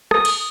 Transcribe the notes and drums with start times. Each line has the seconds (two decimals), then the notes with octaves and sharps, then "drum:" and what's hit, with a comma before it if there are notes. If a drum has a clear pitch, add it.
0.11 D#6, drum: rim click
0.25 drum: cymbal